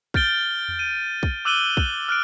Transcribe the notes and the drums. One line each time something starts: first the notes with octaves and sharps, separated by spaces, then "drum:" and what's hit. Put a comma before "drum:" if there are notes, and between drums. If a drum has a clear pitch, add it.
F6 G6 A6 D7 G7, drum: kick
drum: tom E2
D#7
drum: kick
D6 E6 F#6 D#7 F#7 G7
drum: kick
F6 F#6 D7